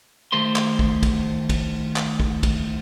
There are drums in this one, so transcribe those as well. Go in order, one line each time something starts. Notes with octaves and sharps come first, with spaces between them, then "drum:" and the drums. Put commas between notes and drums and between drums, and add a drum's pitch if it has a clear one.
D#3 A3 G4 C5 C6
drum: clap
drum: kick
drum: kick, cymbal
drum: kick, cymbal
drum: clap
drum: kick
drum: kick, cymbal